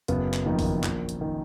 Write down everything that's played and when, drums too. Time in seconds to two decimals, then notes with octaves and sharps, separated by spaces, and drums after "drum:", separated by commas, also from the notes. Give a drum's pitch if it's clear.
0.08 F#1 B3, drum: hi-hat
0.34 drum: clap
0.46 F2 D#3 A#3
0.59 drum: kick, open hi-hat
0.84 A#1, drum: clap
1.09 drum: hi-hat
1.21 D#3